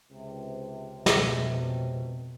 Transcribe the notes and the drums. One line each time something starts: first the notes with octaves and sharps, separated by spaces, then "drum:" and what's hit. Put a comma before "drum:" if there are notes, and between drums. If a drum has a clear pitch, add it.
C#2 C3
F2 B2, drum: snare